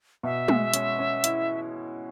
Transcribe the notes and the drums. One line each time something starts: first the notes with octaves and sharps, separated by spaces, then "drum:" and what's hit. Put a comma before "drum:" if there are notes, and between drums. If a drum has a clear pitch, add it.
B2 E5
G#3, drum: tom
C#4, drum: hi-hat
C#4
E4, drum: hi-hat